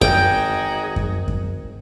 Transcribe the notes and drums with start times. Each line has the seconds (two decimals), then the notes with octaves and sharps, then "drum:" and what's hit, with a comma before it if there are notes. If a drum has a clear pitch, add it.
0.01 G#1 D#4 F#4 G#4 G5, drum: kick F#2
0.96 drum: kick F#2
1.28 drum: kick F#2